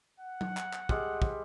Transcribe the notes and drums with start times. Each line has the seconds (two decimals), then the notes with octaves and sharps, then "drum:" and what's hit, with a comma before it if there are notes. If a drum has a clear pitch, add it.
0.21 F#5
0.41 drum: tom F#3
0.57 drum: clap
0.73 drum: clap
0.89 G3 G#3, drum: kick
1.22 drum: kick